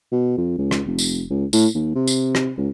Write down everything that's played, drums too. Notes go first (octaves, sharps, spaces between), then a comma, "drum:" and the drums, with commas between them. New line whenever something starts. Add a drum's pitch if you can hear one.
B2
F2
C#2
drum: rim click
F1
drum: tambourine
C#2
A2, drum: tambourine
D#2
C3
drum: tambourine
drum: rim click
C#2